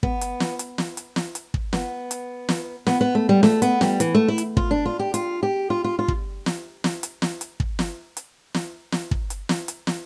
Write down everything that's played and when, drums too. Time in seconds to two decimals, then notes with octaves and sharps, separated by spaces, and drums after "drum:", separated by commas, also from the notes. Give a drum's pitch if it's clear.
0.03 B3, drum: kick
0.21 drum: hi-hat
0.40 drum: snare
0.59 drum: hi-hat
0.78 drum: snare
0.97 drum: hi-hat
1.16 drum: snare
1.35 drum: hi-hat
1.54 drum: kick
1.73 B3, drum: snare
2.11 drum: hi-hat
2.49 drum: snare
2.87 B3, drum: snare
3.01 B3
3.15 A3
3.29 G3
3.43 A3, drum: snare
3.62 B3, drum: hi-hat
3.81 G3, drum: snare
4.00 E3, drum: hi-hat
4.15 A3
4.28 E4
4.38 drum: hi-hat
4.57 F4, drum: kick
4.71 D4
4.86 F4
4.99 G4
5.14 F4, drum: hi-hat
5.43 G4
5.70 F4
5.84 F4
5.99 F4
6.08 drum: kick
6.46 drum: snare
6.84 drum: snare
7.03 drum: hi-hat
7.22 drum: snare
7.41 drum: hi-hat
7.60 drum: kick
7.79 drum: snare
8.17 drum: hi-hat
8.54 drum: snare
8.92 drum: snare
9.11 drum: kick
9.30 drum: hi-hat
9.49 drum: snare
9.68 drum: hi-hat
9.87 drum: snare